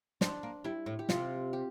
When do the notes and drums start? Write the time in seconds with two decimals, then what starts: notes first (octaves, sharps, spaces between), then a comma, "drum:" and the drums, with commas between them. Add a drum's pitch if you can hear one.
0.21 C4 D4, drum: snare
0.43 A#3
0.64 G3 E4
0.86 A2
0.99 G4
1.09 C3 F4, drum: snare
1.53 G4